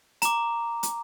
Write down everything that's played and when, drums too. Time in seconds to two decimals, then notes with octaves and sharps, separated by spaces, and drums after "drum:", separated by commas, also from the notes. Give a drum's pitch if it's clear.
0.22 A#5 D6, drum: hi-hat
0.83 drum: hi-hat